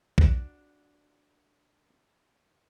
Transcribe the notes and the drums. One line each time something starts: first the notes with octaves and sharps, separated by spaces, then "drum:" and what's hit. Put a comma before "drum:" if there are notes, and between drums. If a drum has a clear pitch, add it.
D4 F#4, drum: kick B1